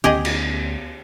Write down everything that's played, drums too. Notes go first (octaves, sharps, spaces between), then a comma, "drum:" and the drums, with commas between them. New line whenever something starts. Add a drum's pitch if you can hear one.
D2 B3 C#4 G4 G#4 D#5
drum: cymbal